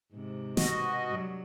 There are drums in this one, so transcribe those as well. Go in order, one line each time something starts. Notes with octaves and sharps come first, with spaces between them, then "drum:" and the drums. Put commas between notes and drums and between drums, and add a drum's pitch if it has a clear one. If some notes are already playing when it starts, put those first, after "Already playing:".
G#2 C3
B2 F#4 D#5, drum: snare
G2 F#3